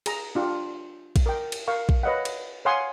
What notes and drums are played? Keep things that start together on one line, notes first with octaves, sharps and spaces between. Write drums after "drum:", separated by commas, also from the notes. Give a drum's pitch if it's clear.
G#4 A#5, drum: cymbal
D4 F4 G4
drum: kick A#1, cymbal
A#4 G5
drum: cymbal
A#4 F5 C#6
drum: kick A#1
B4 C#5 D#5 F5 F#5
drum: cymbal
C#5 F5 F#5 G#5 C6 D#6